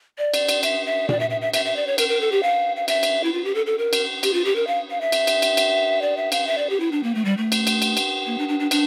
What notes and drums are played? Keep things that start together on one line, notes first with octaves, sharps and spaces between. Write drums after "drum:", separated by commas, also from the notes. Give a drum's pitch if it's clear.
D5
drum: cymbal
drum: cymbal
E5, drum: cymbal
E5
D5, drum: tom A#2
E5
E5
E5
E5, drum: cymbal
E5
D5
C#5
A#4, drum: cymbal
A#4
A4
G4
F5
F5
E5, drum: cymbal
drum: cymbal
E4
F4
G4
A4
A4
A#4
drum: cymbal
G4, drum: cymbal
F4
G4
A#4
F5
F5
E5
drum: cymbal
drum: cymbal
drum: cymbal
drum: cymbal
D5
E5
F5, drum: cymbal
E5
D5
G4
E4
D4
A#3
A3
G3
A3
drum: cymbal
drum: cymbal
drum: cymbal
drum: cymbal
A#3
D4
D4
D4
D4, drum: cymbal